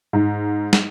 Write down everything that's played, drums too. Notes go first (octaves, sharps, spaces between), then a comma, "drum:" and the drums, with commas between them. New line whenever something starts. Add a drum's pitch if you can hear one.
G#2
drum: snare